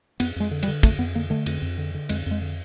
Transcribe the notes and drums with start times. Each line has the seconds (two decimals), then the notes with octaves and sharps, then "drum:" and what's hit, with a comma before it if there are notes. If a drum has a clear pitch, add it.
0.20 F2 B3, drum: cymbal
0.36 F2 G#3
0.51 D3
0.63 G3, drum: cymbal
0.68 D3
0.83 F2 A3, drum: kick, cymbal
0.98 F2 B3
1.15 D3 A#3
1.30 D3 A3
1.46 F2, drum: cymbal
1.62 F2
1.78 D3
1.95 D3
2.09 F2 G#3, drum: cymbal
2.26 F2 G#3
2.42 D3